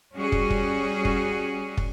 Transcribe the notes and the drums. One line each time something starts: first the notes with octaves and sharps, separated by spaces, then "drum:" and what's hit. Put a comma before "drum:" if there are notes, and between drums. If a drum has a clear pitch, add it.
G3 C#4 F#4 G#4
drum: kick
drum: kick
drum: kick
drum: kick